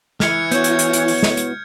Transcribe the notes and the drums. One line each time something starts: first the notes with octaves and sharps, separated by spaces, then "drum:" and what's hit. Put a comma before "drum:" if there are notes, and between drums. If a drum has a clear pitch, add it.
E3 F6 G#6 C#7, drum: snare
B3 E4 F#4 C#5 G6, drum: hi-hat
drum: hi-hat
drum: hi-hat
drum: hi-hat
drum: open hi-hat
drum: snare
drum: hi-hat